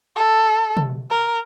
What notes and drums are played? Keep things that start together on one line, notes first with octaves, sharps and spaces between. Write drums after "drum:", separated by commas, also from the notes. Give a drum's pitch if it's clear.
A4
drum: tom
A#4